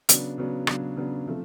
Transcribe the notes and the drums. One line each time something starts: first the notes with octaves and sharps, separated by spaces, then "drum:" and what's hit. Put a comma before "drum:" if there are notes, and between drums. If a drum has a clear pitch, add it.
C#3 F#3 B3 D4, drum: hi-hat
C#3 F#3 B3 D4
C#3 F#3 B3 D4, drum: rim click
C#3 F#3 B3 D4
C3 F3 A3